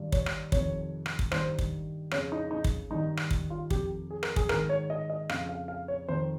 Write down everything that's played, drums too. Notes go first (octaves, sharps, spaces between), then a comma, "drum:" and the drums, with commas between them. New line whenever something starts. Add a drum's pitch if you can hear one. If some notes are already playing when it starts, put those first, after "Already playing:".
Already playing: G2 D#3
C#5, drum: kick
drum: rim click
F2 C3 D#3 C#5, drum: kick
drum: rim click
drum: kick
G2 D#3 C5, drum: rim click
drum: kick
F2 C#3 C#5, drum: rim click
D#4
D#4
drum: kick
G2 D#3 D#4
drum: rim click
drum: kick
F4
F2 D#3 G4, drum: kick
G#4
A#4, drum: rim click
G#4, drum: kick
G#2 D#3 A#4, drum: rim click
C#5
D#5
D#5
F2 C#3 F5, drum: rim click
F5
F5
C#5
F2 D#3 C5